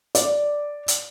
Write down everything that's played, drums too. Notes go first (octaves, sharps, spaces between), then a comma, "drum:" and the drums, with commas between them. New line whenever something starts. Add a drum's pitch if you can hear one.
D5, drum: hi-hat
drum: hi-hat